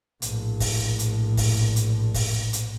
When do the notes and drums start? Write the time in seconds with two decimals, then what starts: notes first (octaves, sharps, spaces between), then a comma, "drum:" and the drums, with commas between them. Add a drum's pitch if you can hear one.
0.22 A#1 A2, drum: hi-hat
0.60 drum: kick, open hi-hat
0.99 drum: hi-hat
1.37 drum: kick, open hi-hat
1.76 drum: hi-hat
2.14 drum: kick, open hi-hat
2.53 drum: hi-hat